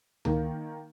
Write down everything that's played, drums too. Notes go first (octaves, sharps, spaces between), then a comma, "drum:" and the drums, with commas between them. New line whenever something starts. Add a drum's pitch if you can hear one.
D#3 A#3, drum: tom C#2